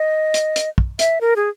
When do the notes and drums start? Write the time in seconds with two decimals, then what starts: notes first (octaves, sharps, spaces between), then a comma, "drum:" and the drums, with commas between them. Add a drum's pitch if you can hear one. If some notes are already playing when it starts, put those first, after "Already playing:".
Already playing: D#5
0.34 drum: hi-hat
0.56 drum: hi-hat
0.78 drum: kick
0.99 E5, drum: hi-hat
1.21 A#4
1.36 G#4